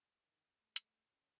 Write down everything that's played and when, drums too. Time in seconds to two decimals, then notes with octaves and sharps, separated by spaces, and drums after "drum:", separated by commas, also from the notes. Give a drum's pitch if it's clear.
0.21 D#3
0.58 A3
0.76 drum: hi-hat
1.07 C#4